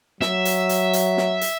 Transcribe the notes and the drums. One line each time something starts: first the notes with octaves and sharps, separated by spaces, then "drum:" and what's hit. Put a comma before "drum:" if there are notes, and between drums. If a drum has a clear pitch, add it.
F#3 E5, drum: snare
drum: hi-hat
drum: hi-hat
drum: hi-hat
drum: snare
drum: hi-hat